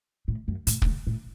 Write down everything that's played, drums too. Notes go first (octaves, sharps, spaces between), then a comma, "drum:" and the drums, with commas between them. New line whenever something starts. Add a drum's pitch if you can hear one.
A2
F#2
A2, drum: hi-hat
B2, drum: kick
C#3
A2